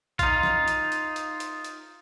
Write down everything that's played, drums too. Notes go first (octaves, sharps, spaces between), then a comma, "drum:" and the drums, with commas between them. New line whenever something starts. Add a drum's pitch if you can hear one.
D#4 F4, drum: kick, hi-hat
drum: snare
drum: hi-hat
drum: hi-hat
drum: hi-hat
drum: hi-hat
drum: hi-hat